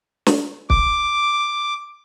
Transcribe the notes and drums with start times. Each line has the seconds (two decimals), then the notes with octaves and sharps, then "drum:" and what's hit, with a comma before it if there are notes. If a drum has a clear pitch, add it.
0.26 drum: snare
0.70 D6, drum: kick